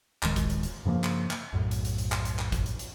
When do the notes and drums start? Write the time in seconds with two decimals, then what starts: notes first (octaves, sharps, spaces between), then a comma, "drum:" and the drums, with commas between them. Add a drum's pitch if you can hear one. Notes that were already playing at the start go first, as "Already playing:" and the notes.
0.23 D1 D#3 G#3, drum: clap
0.36 drum: kick G#1, hi-hat
0.50 drum: hi-hat
0.63 drum: hi-hat
0.85 G2 C#3 F3 A#3
1.04 drum: clap
1.31 drum: clap
1.53 B1 F#2 A2
1.71 drum: hi-hat
1.85 drum: hi-hat
1.98 drum: hi-hat
2.12 drum: clap
2.25 drum: hi-hat
2.39 drum: clap
2.52 drum: kick G#1, hi-hat
2.66 drum: hi-hat
2.79 drum: hi-hat